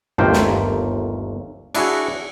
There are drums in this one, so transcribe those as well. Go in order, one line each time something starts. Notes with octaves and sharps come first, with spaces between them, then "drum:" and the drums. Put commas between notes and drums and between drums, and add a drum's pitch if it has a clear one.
G1 D#2 A3 A#3 C5 G5, drum: tom G2
drum: snare
D4 E4 F#4 G#4, drum: cymbal